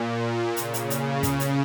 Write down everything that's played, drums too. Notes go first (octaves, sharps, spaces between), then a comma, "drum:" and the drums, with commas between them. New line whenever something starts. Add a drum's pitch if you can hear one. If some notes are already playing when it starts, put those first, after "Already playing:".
Already playing: A#2
C#3, drum: hi-hat
drum: hi-hat
drum: hi-hat
C#3, drum: kick, hi-hat
drum: hi-hat